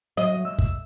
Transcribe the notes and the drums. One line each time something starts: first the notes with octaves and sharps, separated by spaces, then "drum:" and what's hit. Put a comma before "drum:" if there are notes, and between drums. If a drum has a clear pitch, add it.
F#3 D#5
E6
drum: kick